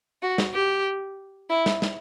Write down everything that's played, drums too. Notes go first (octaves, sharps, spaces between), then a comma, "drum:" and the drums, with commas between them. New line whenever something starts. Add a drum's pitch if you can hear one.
F#4
drum: snare
G4
E4
drum: snare
drum: snare